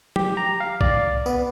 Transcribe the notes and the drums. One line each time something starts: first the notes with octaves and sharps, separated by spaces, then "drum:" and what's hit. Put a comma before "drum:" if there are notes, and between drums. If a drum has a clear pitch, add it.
G4, drum: tom
A#5
F5
D5, drum: kick
B3, drum: tambourine